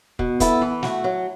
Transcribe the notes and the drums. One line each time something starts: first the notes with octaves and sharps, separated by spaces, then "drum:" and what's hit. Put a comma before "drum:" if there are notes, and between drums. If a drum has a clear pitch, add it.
B2, drum: kick
B3 E4 A4, drum: kick, hi-hat
E3
A3 F#4, drum: snare
F#3